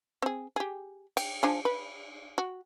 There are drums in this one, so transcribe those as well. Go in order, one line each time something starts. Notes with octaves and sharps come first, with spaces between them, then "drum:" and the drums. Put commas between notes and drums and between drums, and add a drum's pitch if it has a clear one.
C4 G#4
G4 G#4
G5, drum: cymbal
F3 D4 G#4
B4
F#4